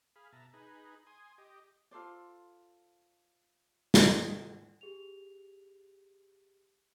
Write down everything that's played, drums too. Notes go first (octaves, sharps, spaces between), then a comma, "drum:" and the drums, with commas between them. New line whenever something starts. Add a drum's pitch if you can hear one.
G#4 F5 B5
B2 E5 A5 A#5
D#4 G#4 B4
G#5 C6 D#6
G4 D#5
F4 A4 C5 D5
drum: snare
G4 G#4 F7